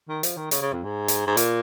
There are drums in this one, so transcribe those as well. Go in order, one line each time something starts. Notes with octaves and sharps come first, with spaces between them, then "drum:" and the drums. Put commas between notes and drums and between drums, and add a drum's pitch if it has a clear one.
D#3
F3, drum: hi-hat
D#3
C#3, drum: hi-hat
C#3
F2
G#2
drum: hi-hat
G#2
A#2, drum: hi-hat